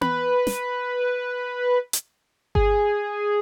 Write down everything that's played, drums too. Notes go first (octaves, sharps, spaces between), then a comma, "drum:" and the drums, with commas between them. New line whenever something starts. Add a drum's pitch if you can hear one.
B4, drum: tom B3
drum: snare
drum: hi-hat
G#4, drum: kick G1